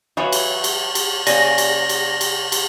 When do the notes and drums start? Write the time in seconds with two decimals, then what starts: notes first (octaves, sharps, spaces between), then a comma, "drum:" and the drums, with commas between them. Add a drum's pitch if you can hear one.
0.17 E3 F#3 F4 F#4 C#5
0.32 drum: cymbal
0.64 drum: cymbal
0.95 drum: cymbal
1.27 C#3 A#3 D5 A#6, drum: cymbal
1.58 drum: cymbal
1.89 drum: cymbal
2.21 drum: cymbal
2.52 drum: cymbal